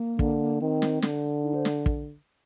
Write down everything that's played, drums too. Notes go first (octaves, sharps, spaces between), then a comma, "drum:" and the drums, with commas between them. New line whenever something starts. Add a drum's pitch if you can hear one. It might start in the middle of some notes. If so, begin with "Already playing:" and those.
Already playing: A#3
D3, drum: kick
D#3 C4
drum: snare
D3, drum: snare
D#4
C5
drum: snare
drum: kick